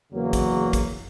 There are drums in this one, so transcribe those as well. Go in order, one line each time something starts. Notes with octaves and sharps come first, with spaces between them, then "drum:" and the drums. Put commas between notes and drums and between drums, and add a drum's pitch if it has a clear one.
E2 C#3 F#3 A#3
drum: kick, hi-hat
drum: kick, hi-hat